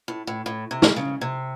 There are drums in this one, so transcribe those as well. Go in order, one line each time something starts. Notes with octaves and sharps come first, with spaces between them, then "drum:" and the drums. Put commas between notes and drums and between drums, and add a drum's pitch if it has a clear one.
A2
A2
A2
C3
drum: snare
C#3
C3